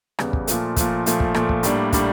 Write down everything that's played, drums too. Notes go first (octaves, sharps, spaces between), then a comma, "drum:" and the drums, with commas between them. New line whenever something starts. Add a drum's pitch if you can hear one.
E2 C#3 G3, drum: rim click
drum: kick
A#2 F3 A3, drum: hi-hat
A#2 F3 A3, drum: kick, hi-hat
A#2 F3 A3, drum: hi-hat
drum: kick
A#2 F3 A3, drum: rim click
drum: kick
A2 G3 A#3 D4, drum: hi-hat
A2 G3 A#3 D4, drum: kick, hi-hat